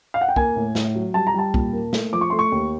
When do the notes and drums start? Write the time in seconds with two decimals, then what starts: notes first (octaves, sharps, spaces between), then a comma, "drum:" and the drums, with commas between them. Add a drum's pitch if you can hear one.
0.14 F5
0.21 F#5
0.29 G5
0.36 A#3 G#5, drum: kick
0.56 A2
0.75 A2, drum: snare
0.95 F#3
1.14 G3 A5
1.27 A#5
1.34 G3 A5
1.54 A#2, drum: kick
1.73 A#3
1.93 A3, drum: snare
2.12 F3 D6
2.21 C#6
2.30 A3 C6
2.39 C#6
2.52 D#2